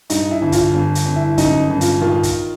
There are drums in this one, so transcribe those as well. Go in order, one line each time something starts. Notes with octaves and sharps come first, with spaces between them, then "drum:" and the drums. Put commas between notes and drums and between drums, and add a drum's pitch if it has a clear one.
G2 D#4, drum: hi-hat
E4
G1
F4, drum: kick, hi-hat
G1
drum: hi-hat
G1
E4
F#2 D#4, drum: kick, hi-hat
G1
F4, drum: hi-hat
D#3 F4
drum: kick, hi-hat